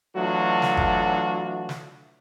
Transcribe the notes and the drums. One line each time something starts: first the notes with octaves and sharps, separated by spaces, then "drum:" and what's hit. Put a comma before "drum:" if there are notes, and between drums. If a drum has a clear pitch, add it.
E3 F#3 A3 D4 F4 F#4
drum: snare
drum: kick G1
drum: snare